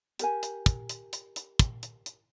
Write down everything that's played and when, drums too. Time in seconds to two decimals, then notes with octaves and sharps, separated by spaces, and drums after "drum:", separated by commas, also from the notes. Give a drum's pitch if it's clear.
0.19 G4 A#4 G#5, drum: hi-hat
0.43 drum: hi-hat
0.66 drum: kick, hi-hat
0.89 drum: hi-hat
1.13 drum: hi-hat
1.36 drum: hi-hat
1.59 drum: kick, hi-hat
1.83 drum: hi-hat
2.06 drum: hi-hat